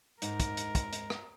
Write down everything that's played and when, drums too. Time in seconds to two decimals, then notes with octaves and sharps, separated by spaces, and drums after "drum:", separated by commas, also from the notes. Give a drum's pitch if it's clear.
0.22 G#2 D#4 A#4, drum: hi-hat
0.40 drum: kick, hi-hat
0.57 drum: hi-hat
0.75 drum: kick, hi-hat
0.93 drum: hi-hat
1.10 drum: rim click